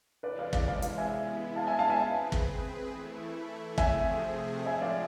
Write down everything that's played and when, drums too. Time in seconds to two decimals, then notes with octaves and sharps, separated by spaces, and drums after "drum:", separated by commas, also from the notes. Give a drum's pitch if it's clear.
0.23 C3 E3 G#3 B4 D5
0.39 D5 F5
0.53 D5 F5, drum: kick
0.68 D5 F5
0.82 D5 F5, drum: hi-hat
0.98 E5 G#5
1.12 G#3 B3 E4
1.56 F5 A5
1.67 E5 G#5
1.79 F5 A5
1.90 E5 G#5
2.01 C4 G#4 B4
2.32 drum: kick
2.89 E3 A3 E4
3.78 C3 F3 A3 C4 G#4 E5 G#5, drum: kick
4.66 A2 F3 G#3 C4 F4 E5 G#5
4.81 D5 F5